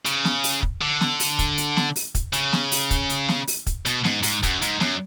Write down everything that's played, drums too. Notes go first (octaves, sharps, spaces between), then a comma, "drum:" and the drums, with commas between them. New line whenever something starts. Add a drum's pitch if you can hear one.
C#3, drum: hi-hat
drum: snare
drum: open hi-hat
drum: kick
D3
drum: snare
drum: open hi-hat
drum: kick, hi-hat
drum: hi-hat
drum: snare
drum: open hi-hat
drum: kick, hi-hat
C#3, drum: hi-hat
drum: snare
drum: open hi-hat
drum: kick, hi-hat
drum: hi-hat
drum: snare
drum: open hi-hat
drum: kick, hi-hat
B2, drum: hi-hat
G#2, drum: snare
G#2, drum: open hi-hat
F#2, drum: kick, hi-hat
G#2, drum: hi-hat
F#2, drum: snare